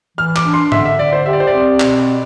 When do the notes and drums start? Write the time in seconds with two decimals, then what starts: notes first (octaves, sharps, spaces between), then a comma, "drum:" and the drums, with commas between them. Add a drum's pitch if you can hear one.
0.18 E3 F6
0.36 D6, drum: clap
0.45 D4
0.54 C6
0.72 D3 E5, drum: tom G#2
0.85 E5
0.99 D3 D5
1.13 C5
1.26 G4 E5
1.33 D5
1.40 C5
1.47 D5
1.53 C4
1.80 B2, drum: clap